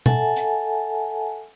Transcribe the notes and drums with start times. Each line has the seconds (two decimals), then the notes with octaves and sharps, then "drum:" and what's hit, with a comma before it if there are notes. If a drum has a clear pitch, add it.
0.06 A4 E5 F#5 G#5 A5, drum: tom B2
0.36 drum: hi-hat